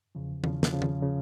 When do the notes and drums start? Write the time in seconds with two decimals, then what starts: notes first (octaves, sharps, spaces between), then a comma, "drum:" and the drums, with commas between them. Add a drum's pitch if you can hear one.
0.15 E2 C#3 F3
0.44 E2 C#3 F3, drum: tom
0.63 drum: snare
0.73 E2 C#3 F3
0.82 drum: tom
1.02 C#3 F3